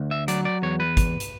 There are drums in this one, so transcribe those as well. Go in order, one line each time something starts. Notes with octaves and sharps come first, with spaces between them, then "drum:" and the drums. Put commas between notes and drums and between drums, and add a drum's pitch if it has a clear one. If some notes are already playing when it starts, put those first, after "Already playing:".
Already playing: D2
E5
F#3 D5, drum: hi-hat
D5
E2 C#5
B4
drum: kick, hi-hat
drum: hi-hat